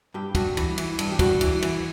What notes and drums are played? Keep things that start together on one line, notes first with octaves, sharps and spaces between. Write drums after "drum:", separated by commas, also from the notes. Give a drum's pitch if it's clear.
G2 G4
G2 F#4, drum: kick, cymbal
E3, drum: cymbal
E3, drum: cymbal
G2, drum: cymbal
G4
G2 F#4, drum: kick, cymbal
E3, drum: cymbal
E3, drum: cymbal